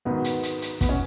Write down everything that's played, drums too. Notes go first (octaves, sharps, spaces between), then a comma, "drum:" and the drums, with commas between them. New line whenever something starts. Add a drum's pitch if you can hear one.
G#2 D#3 F#3 B3
drum: hi-hat
drum: hi-hat
drum: hi-hat
B3, drum: kick, hi-hat
C#4